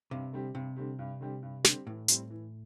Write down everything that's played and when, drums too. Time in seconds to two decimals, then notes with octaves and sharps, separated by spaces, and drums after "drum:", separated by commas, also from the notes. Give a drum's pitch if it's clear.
0.11 G2 C3
0.33 D3 G3 C4 G4
0.55 G2 C3
0.76 D3 G3 C4 G4
0.99 G2
1.21 D3 G3 C4 G4
1.43 G2
1.64 D3 G3 C4 G4, drum: snare
1.86 A2 E3
2.08 G3 C4 E4, drum: hi-hat
2.30 E3